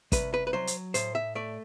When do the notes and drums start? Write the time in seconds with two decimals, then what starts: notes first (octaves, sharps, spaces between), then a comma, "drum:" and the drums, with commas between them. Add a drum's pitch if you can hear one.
0.12 C2 B4, drum: kick, hi-hat
0.34 B4
0.47 B4
0.53 F#3 C5
0.67 drum: hi-hat
0.94 A2 C5, drum: hi-hat
1.15 E5
1.35 A3 D5